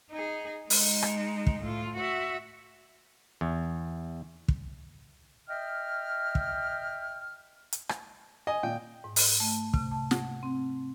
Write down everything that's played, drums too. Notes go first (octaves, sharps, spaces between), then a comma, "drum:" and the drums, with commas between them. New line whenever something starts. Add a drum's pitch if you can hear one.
D#4 G#4
G#3 D#4, drum: open hi-hat
drum: rim click
drum: kick
A2 F4
F#4 E5
E2
drum: kick
D#5 E5 G5 F6
drum: kick
drum: hi-hat
drum: rim click
D#5 G#5
A#2 G5
G#2
drum: open hi-hat
A3
C3, drum: kick
A5
F#5, drum: snare
C4